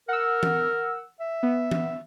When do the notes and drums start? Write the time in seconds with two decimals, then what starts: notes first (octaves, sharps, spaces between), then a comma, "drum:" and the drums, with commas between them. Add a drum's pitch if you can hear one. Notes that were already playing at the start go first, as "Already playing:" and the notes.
0.08 A#4 F#5 E6
0.43 drum: tom E3
1.20 E5
1.43 B3
1.71 drum: tom E3